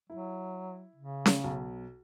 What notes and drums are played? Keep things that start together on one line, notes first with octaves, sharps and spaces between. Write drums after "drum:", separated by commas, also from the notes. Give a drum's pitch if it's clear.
F#3 E4
C#3
drum: snare C#4
B1